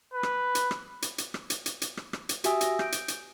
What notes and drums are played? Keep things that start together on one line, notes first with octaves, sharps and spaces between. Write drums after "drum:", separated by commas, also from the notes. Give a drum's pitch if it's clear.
B4
drum: rim click
drum: hi-hat
drum: rim click
drum: hi-hat
drum: hi-hat
drum: rim click
drum: hi-hat
drum: hi-hat
drum: hi-hat
drum: rim click
drum: rim click
drum: hi-hat
F#4 G4 E5 G#5 D#6 E6, drum: hi-hat
A#6, drum: hi-hat
G6 D7, drum: rim click
drum: hi-hat
drum: hi-hat